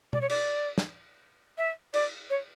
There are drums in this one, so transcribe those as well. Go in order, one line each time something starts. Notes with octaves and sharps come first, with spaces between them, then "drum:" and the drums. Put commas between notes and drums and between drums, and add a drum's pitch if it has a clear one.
D5, drum: tom B2
C#5
D5, drum: cymbal
drum: snare
E5
D5, drum: cymbal
C#5